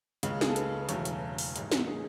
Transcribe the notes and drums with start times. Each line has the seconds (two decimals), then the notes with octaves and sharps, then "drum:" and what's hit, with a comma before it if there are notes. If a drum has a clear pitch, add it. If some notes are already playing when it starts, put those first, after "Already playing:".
0.23 C#2 C#3 G#3, drum: hi-hat
0.41 G#4, drum: snare
0.49 A4
0.56 B4, drum: hi-hat
0.79 B4
0.89 E1 E2 C#3 F#3 A3 C#5, drum: hi-hat
1.05 drum: hi-hat
1.38 drum: open hi-hat
1.56 A1 G#2 G#3, drum: hi-hat
1.72 drum: snare
1.88 G#4